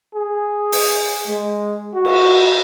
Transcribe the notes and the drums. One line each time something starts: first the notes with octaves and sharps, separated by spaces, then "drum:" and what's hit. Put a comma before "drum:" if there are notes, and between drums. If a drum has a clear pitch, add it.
G#4
drum: open hi-hat
G#3
F#4
drum: cymbal